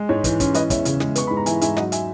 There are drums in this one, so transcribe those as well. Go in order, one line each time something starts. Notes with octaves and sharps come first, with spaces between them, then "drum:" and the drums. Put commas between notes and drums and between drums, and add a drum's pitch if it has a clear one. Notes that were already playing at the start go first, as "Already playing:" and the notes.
Already playing: G#3
G#2 C#5
E3, drum: kick, hi-hat
C#4, drum: kick, hi-hat
E3 B4 D#5, drum: hi-hat
E2 C#5 E5, drum: kick, hi-hat
C#3, drum: hi-hat
G#3, drum: snare
B3 C#6, drum: hi-hat
G#2 B5
A#5
E3 E5 G#5, drum: hi-hat
G#2 E5 G#5, drum: hi-hat
F#3 D#5 F#5, drum: snare
E5 G#5, drum: hi-hat